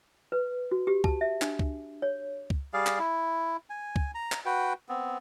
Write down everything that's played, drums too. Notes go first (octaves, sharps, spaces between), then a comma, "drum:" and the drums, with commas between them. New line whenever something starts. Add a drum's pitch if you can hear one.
B4
F#4
G4
A5, drum: kick C#2
E5
D4, drum: clap
drum: kick C#2
C#5
drum: kick C#2
G3 G#4 D5 F5
drum: clap
E4
G#5
drum: kick C#2
A#5
drum: clap
F#4 B4 G5
B3 C4